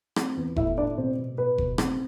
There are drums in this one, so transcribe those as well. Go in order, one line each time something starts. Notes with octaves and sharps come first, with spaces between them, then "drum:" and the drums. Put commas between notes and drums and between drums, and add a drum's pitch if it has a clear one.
C4, drum: rim click
E2
A2 E4 E5, drum: kick F1
A2 D4 D5
B2 C4 C5
B2
B2 B4
B2, drum: kick F1
C4, drum: rim click